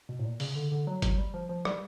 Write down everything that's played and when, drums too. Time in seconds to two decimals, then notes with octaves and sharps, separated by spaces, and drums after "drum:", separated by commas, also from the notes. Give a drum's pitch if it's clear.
0.09 B2
0.19 A2
0.24 A#2
0.40 C#3, drum: open hi-hat
0.55 D3
0.72 D3
0.87 F#3
1.02 F#3, drum: kick G1, hi-hat
1.18 G3
1.34 F3
1.49 F3
1.65 G3, drum: rim click